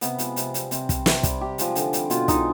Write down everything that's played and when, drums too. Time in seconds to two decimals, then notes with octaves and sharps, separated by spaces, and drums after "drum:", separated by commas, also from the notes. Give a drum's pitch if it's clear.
0.01 C3 B3, drum: hi-hat
0.18 F3 G#3, drum: hi-hat
0.36 C3, drum: hi-hat
0.54 G3, drum: hi-hat
0.71 C3 C4, drum: hi-hat
0.89 G3, drum: kick, hi-hat
1.06 C3, drum: snare
1.23 G3, drum: kick, hi-hat
1.41 C3 G4
1.58 F3 G#3, drum: hi-hat
1.75 D3, drum: hi-hat
1.93 G3, drum: hi-hat
2.10 B2 F4, drum: hi-hat
2.28 G#3 D#4, drum: kick, hi-hat